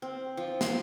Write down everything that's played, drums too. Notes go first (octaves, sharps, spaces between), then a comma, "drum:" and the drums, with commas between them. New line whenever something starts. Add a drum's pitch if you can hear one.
C4
F3
C6, drum: snare